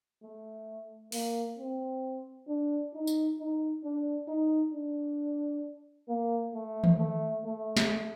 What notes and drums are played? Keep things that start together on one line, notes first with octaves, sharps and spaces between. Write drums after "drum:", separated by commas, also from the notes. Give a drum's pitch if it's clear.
A3
A#3, drum: open hi-hat
C4
D4
D#4
drum: tambourine
D#4
D4
D#4
D4
A#3
A3
drum: tom D#3
A3
A3
drum: snare